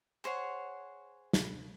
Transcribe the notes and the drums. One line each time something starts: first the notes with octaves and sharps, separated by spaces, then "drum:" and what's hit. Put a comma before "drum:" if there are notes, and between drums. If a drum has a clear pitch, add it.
G#4 C5 C#5 F#5
drum: snare